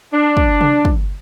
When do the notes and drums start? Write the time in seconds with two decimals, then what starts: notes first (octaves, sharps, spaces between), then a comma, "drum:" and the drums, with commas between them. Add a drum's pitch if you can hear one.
0.13 D4
0.37 drum: kick
0.61 drum: tom C3
0.85 drum: kick